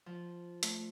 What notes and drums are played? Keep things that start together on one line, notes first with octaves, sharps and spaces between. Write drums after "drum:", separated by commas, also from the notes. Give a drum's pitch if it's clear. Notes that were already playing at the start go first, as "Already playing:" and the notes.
F3
A3, drum: hi-hat